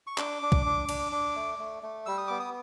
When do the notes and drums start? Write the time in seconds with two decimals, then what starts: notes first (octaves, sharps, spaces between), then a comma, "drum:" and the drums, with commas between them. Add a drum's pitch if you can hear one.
0.07 C#6
0.18 D4 D6, drum: clap
0.42 D4
0.52 drum: kick C2
0.66 D4
0.89 D4, drum: cymbal
1.12 D4
1.36 A3
1.59 A3
1.83 A3
2.06 G3 E6
2.18 D#6
2.27 B3 D6
2.40 D#6